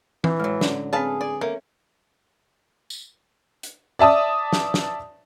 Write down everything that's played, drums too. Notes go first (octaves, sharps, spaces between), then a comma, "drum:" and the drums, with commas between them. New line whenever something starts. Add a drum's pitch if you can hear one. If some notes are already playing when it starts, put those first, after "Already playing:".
E3, drum: tom E3
A2 F#3 G#3
D3 F#3 C#4, drum: snare
C4 G#4 A4 B4 C#5 F5 A5
D5 G#5
A#3 C#4 A4 E5
drum: tambourine
drum: hi-hat
D5 E5 A5 D#6
drum: snare
drum: snare